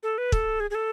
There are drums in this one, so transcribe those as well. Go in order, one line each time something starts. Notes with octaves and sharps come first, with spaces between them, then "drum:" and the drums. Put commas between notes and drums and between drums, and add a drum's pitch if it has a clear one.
A4
B4
A4, drum: kick
G#4
G#4
A4